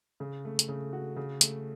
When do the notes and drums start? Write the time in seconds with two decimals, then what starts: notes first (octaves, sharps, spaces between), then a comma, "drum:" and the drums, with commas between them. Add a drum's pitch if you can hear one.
0.20 C#3
0.45 A3
0.59 drum: hi-hat
0.69 C#3
0.93 F#4
1.17 C#3
1.41 A3, drum: hi-hat